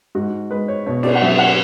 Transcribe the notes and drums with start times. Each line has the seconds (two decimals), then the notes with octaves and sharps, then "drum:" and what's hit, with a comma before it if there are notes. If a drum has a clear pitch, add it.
0.15 G#2 F#4
0.50 G#3 B4
0.68 C#5
0.86 B2 C#5
1.03 D5, drum: cymbal
1.15 F#5
1.21 F#3 E5
1.39 F#5